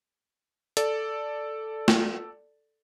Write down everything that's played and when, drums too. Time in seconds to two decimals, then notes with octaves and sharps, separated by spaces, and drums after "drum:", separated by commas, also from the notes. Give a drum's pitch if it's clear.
0.77 A4 D5, drum: hi-hat
1.88 drum: snare